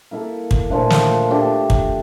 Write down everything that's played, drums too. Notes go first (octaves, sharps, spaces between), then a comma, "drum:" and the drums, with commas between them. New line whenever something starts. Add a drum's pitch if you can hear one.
A#3 E4 A4
drum: kick
A#2 F3 A3 D4
drum: snare
A3 D4 G4
drum: kick